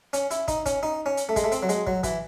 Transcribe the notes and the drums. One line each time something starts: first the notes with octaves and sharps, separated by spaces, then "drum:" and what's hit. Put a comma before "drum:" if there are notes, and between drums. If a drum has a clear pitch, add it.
C#4, drum: hi-hat
E4, drum: hi-hat
D#4, drum: kick, hi-hat
C#4, drum: kick, hi-hat
D#4
C#4
drum: hi-hat
A3
G#3, drum: kick, hi-hat
A3
C4, drum: hi-hat
F#3
G#3, drum: hi-hat
F#3, drum: kick
E3, drum: kick, hi-hat